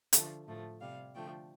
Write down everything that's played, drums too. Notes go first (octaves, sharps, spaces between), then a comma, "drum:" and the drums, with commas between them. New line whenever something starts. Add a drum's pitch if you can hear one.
D3 F3 A3, drum: hi-hat
A2 F3 A3
C3 G3 F5
D3 F3 A3 G5